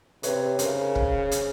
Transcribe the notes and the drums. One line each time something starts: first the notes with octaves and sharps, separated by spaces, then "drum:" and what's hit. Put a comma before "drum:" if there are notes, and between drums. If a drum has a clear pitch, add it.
C3 B4 C#5, drum: hi-hat
C#3 A#4 C5, drum: hi-hat
drum: kick
drum: hi-hat